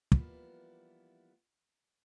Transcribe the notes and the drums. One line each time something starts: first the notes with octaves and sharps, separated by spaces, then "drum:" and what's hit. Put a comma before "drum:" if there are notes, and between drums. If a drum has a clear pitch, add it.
E3 F3 G3 A#3 B3 E4, drum: kick